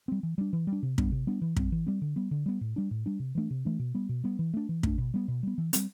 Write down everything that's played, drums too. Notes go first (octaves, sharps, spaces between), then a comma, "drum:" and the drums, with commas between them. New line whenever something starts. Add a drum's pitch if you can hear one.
G3 C4
E3
G3 D4
E3
G3
D4
C3
G3 B3 D4, drum: kick
C3
G3 B3 D4
E3
G3 C4, drum: kick
E3
G3 C4
D3
G3 B3
D3
G3 B3
A2
G3 D4
A2
G3 D4
C3
E3 A3 D4
C3
E3 A3 D4
B2
G3 B3
B2
G3 B3
E3
A3 D4
E3
A3 D4, drum: kick
B2
G3 B3
B2
G3 B3
E3
G3 C4, drum: hi-hat